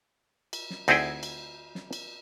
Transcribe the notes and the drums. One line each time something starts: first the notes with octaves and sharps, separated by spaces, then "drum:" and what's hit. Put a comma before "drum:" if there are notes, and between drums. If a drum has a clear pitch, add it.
drum: cymbal
drum: snare
D2 C4 D#4 E4 G#4 G5, drum: cymbal
drum: cymbal
drum: snare
drum: cymbal